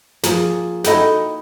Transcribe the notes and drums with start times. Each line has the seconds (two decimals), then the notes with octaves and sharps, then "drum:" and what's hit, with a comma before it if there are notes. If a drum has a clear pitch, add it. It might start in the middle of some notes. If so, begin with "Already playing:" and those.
0.23 F3 A#3 G#4, drum: snare
0.84 D#4 E4 F#4 A4 D#5 G5, drum: snare